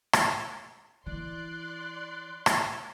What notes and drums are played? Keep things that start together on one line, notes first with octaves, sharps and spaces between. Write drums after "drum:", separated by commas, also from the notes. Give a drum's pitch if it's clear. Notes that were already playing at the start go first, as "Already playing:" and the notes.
drum: rim click
E3 D5 C6 F#6
drum: rim click